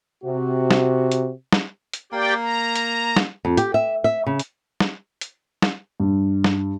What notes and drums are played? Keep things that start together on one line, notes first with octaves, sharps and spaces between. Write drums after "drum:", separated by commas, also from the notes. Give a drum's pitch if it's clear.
C3 F#4
drum: snare
drum: hi-hat
drum: snare
drum: hi-hat
A#3 G4 D5 G5
A#5
drum: hi-hat
drum: snare
F2
G4, drum: hi-hat
E5
E5
C#3
drum: hi-hat
drum: snare
drum: hi-hat
drum: snare
G2
drum: snare